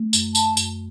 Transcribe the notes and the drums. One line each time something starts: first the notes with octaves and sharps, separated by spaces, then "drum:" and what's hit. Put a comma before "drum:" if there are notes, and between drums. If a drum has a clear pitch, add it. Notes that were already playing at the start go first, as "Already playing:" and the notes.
Already playing: A3
F#2, drum: tambourine
A5, drum: tambourine
F#2, drum: tambourine